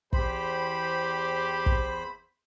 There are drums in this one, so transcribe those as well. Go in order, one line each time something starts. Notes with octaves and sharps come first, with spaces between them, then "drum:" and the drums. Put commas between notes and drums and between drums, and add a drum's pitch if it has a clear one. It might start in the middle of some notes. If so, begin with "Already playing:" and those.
E2 G4 C5 B5, drum: kick
drum: kick